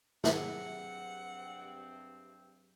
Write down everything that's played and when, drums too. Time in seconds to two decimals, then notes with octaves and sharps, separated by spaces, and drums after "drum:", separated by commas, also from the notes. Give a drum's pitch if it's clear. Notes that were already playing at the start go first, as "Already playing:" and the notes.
0.24 G2 C3 F#3 C4 G#4 F#5, drum: snare